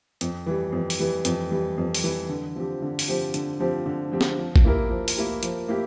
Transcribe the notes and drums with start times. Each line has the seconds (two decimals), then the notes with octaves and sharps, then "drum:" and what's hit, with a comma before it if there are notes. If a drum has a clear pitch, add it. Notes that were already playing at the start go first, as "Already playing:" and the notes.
0.21 F2, drum: hi-hat
0.46 E3 G3
0.72 F2
0.90 drum: open hi-hat
0.99 E3 G3
1.25 F2, drum: hi-hat
1.51 E3 G3
1.78 F2
1.95 drum: open hi-hat
2.04 E3 G3
2.29 D3
2.56 F3 C4 G4
2.82 D3
2.99 drum: open hi-hat
3.08 F3 C4 G4
3.34 D3, drum: hi-hat
3.60 F3 C4 G4
3.86 D3
4.12 F3 C4 G4
4.21 drum: snare
4.38 F3
4.56 drum: kick A1
4.65 A#3 E4 G4 A#4
4.90 F3
5.08 drum: open hi-hat
5.17 A#3 E4 G4 A#4
5.43 F3, drum: hi-hat
5.68 A#3 E4 G4